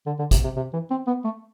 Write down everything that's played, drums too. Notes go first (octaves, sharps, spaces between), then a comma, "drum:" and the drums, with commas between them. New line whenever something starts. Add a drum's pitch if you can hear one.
D3
D3
C3, drum: kick, hi-hat
C3
C3
E3
C4
B3
A3